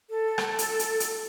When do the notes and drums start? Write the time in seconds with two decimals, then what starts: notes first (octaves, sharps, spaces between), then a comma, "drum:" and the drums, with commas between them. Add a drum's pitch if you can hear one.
0.10 A4
0.38 drum: rim click
0.59 drum: hi-hat
0.79 drum: hi-hat
1.00 drum: hi-hat